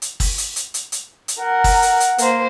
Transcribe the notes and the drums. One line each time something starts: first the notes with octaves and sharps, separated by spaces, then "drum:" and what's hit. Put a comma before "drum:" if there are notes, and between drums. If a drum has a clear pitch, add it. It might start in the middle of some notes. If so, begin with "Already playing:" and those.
drum: hi-hat
drum: kick, open hi-hat
drum: hi-hat
drum: hi-hat
drum: hi-hat
drum: hi-hat
drum: hi-hat
A#4 F#5
drum: kick, open hi-hat
drum: hi-hat
drum: hi-hat
A#3 C5, drum: hi-hat